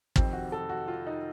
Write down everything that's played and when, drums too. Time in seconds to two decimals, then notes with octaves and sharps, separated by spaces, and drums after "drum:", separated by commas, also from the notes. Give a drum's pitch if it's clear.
0.16 F2 C3 D#3 C4, drum: kick
0.33 F#4
0.52 A4
0.69 F#4
0.88 F4
1.07 D#4